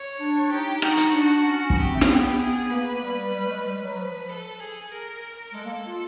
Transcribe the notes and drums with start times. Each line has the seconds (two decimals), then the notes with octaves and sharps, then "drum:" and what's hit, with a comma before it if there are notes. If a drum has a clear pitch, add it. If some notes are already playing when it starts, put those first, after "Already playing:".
Already playing: C#5
0.20 D4
0.51 D#4 G4
0.82 D#4 F#4, drum: rim click
0.97 drum: hi-hat
1.14 D4
1.46 C#4
1.70 B3, drum: kick
1.77 C4 G4
1.94 A3
2.01 A#3, drum: snare
2.09 B3 G4
2.39 G#4
2.71 A#3 B4
3.02 G3
3.34 G3
3.45 A3
3.50 G#3
3.65 G3 B4
3.81 F#3
3.97 F3
4.13 F3
4.29 A4
4.60 G#4
4.91 A#4
5.54 G#3 A4
5.65 A#3
5.86 F4